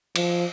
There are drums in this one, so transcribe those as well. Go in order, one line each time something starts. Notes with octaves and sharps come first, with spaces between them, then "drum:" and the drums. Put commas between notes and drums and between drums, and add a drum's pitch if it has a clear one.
F3, drum: cymbal